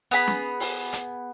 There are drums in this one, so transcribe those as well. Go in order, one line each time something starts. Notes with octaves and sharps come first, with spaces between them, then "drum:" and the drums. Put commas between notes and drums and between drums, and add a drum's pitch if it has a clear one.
B3 G#4 B5
drum: snare
drum: open hi-hat
drum: hi-hat